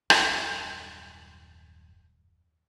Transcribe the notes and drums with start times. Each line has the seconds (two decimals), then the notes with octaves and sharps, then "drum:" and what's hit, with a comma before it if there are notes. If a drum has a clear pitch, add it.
0.10 D#1 F#2 F#3 G3, drum: rim click